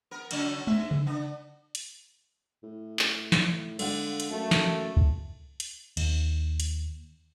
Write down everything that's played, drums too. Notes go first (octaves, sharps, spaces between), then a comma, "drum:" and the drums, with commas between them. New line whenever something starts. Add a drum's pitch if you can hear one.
B3 A#4
C#3 F#3 A3, drum: cymbal
G2 E5, drum: tom G#3
drum: tom C#3
B3 D4
drum: hi-hat
A2
drum: clap
drum: snare
D3 G#3 F5 F#5, drum: cymbal
drum: hi-hat
F#2 A3
drum: snare
drum: kick C#2
drum: hi-hat
D#2, drum: cymbal
drum: hi-hat